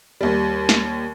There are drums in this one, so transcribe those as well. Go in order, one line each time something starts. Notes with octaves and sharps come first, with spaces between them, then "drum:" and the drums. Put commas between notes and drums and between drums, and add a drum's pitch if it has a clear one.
D#2 G3
drum: snare